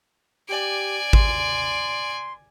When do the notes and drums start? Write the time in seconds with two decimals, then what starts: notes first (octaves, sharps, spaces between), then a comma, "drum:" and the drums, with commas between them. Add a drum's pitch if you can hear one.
0.48 G4 D5 G#5
1.13 C6, drum: kick G#1